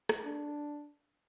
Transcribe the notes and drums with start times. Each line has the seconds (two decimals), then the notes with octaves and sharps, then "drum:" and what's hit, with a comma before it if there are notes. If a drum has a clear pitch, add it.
0.09 drum: rim click
0.24 D4